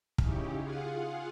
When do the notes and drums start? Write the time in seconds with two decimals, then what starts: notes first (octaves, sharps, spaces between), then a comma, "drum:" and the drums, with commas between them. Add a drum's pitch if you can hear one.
0.18 C#3 C#4 D#4 E4 G4, drum: kick
0.58 F4 G#4 F5 F#5